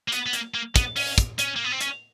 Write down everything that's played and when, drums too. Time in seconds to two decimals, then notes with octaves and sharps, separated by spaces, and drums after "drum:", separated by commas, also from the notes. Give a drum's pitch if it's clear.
0.08 A#3
0.12 B3, drum: hi-hat
0.26 B3
0.33 A#3, drum: hi-hat
0.54 A#3
0.76 B3, drum: kick, hi-hat
0.96 C#4, drum: open hi-hat
1.18 drum: kick, hi-hat
1.39 C#4, drum: hi-hat
1.56 A#3
1.64 B3
1.72 C4
1.81 C#4, drum: hi-hat